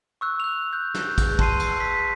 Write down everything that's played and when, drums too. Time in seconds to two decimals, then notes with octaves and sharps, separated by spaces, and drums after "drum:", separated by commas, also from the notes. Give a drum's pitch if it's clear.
0.21 C#6 E6 F#6
0.40 F#6 F7
0.73 F#6 G6
0.95 F#6 G6, drum: snare
1.18 drum: kick, cymbal
1.39 A5 C6 C7 D#7, drum: kick
1.59 drum: cymbal
1.80 B6